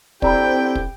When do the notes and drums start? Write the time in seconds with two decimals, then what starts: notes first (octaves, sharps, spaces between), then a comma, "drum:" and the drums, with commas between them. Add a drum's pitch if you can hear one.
0.22 D3 C4 E4 G4 D5 G5 A#5 B5, drum: kick
0.75 drum: kick